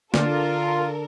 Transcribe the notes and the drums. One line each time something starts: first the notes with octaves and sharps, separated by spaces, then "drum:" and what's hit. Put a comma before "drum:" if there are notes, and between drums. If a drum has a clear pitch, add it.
D3 F4 A4 A#4 D5, drum: snare